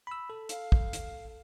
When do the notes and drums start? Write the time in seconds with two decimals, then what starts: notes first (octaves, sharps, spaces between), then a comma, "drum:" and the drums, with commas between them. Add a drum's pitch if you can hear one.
0.07 B5 E6
0.30 A4
0.49 F5, drum: hi-hat
0.72 drum: kick
0.93 drum: hi-hat